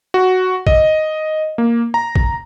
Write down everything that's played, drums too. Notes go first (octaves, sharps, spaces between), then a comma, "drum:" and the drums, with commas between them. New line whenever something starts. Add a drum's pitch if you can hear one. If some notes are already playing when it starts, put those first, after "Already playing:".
F#4
D#5, drum: kick
A#3
A#5
drum: kick